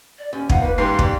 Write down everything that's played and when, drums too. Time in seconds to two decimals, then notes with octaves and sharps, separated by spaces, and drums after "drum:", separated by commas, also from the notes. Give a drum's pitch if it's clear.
0.18 D5
0.33 D#2 C#4
0.49 F3 D#4 F5 F#5, drum: kick
0.61 A#3 B4
0.78 G#2 E3 G3 G4 C6 C7
0.99 G4 D5, drum: kick